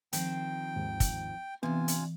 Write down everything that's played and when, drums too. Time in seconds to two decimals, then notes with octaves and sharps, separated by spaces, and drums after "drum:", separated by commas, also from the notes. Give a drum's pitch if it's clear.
0.13 D#3 F3 C4 G5, drum: hi-hat
0.76 D#2 G#2
1.00 drum: kick, hi-hat
1.63 C3 E3 B3 D4 F4 G#5
1.88 drum: hi-hat